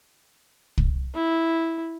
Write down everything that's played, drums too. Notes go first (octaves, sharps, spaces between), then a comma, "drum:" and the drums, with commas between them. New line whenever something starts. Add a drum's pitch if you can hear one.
drum: kick
E4